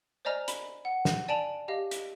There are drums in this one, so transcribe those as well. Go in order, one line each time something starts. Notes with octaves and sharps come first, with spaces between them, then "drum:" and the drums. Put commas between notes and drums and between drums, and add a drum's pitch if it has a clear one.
C5 D5 D#5 G#5 A#5 F6
B5, drum: hi-hat
F#5
drum: snare
D5 G#5 A5 D7 F7 F#7
G4 D#5 F5
drum: hi-hat